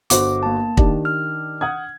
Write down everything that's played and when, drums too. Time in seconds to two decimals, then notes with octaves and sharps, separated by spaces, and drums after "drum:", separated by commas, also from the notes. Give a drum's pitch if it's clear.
0.10 G1 F#4 C5 D6, drum: hi-hat
0.43 A#3 A5
0.77 D#3 D4 G4, drum: kick
1.05 F6
1.61 F#5 D#6 G#6